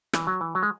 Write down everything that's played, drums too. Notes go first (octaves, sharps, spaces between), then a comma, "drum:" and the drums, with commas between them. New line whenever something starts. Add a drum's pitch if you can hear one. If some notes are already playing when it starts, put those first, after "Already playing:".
E3, drum: rim click
F#3
E3
F#3
G#3